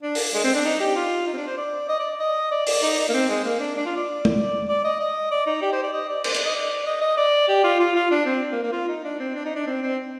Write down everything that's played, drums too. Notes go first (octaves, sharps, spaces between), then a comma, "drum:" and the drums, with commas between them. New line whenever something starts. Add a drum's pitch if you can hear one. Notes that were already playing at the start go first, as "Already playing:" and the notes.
D4
drum: open hi-hat
G#3
C4
D4
D#4
G4
F4
D#4
C4
D4
C5
D5
D#5
D5
D#5
D5
D5, drum: open hi-hat
D#4
D#4
A#3
C4
G#3
A#3
D4
D4
F4
D5
drum: tom
D5
D#5
D#5
D5
D#4
G4
C5
D5
D#5
D5
C5, drum: cymbal
D5, drum: hi-hat
D#5
D5
D#5
D#5
D5
G4
F4
F4
F4
D4
C4
A#3
A#3
F4
D#4
D4
C4
D4
D#4
D4
C4
C4